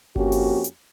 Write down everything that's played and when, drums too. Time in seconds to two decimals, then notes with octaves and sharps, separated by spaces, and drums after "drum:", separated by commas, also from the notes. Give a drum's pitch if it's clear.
0.16 F2 A#3 C#4 F#4 G4, drum: kick G1
0.32 drum: open hi-hat
0.64 drum: hi-hat